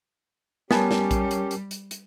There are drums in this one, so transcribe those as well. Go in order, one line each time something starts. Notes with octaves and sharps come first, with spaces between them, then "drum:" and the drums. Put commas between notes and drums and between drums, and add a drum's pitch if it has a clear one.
G3 B3 C#4 G4 A#4 G#5 A5, drum: snare
drum: snare
drum: kick A#1, hi-hat
drum: hi-hat
drum: hi-hat
drum: hi-hat
drum: hi-hat